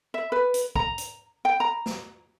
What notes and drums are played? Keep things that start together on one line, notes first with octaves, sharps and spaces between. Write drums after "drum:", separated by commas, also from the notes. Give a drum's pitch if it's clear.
E5
B4
drum: hi-hat
A#5, drum: kick
drum: hi-hat
G5
A#5
drum: snare